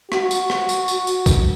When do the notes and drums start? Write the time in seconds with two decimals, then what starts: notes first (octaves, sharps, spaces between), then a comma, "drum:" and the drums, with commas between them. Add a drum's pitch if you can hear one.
0.12 F#4, drum: rim click
0.31 drum: tambourine
0.50 drum: rim click
0.69 drum: tambourine
0.88 drum: tambourine
1.07 drum: tambourine
1.26 drum: kick B1, tambourine